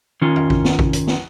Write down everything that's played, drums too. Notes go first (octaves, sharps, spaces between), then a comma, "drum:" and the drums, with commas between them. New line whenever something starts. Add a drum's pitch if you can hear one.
D#3 C#4 F4
drum: tom E2
drum: kick A1
drum: snare
drum: kick A1
drum: hi-hat
drum: snare